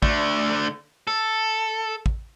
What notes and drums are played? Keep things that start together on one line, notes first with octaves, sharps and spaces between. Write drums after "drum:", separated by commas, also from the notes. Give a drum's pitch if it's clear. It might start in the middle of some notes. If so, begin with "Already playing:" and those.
D3 A3, drum: kick
A4
drum: kick